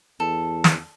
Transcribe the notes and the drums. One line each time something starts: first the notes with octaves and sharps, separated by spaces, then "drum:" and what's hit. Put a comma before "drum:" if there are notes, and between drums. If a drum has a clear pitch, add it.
E2 A4
drum: snare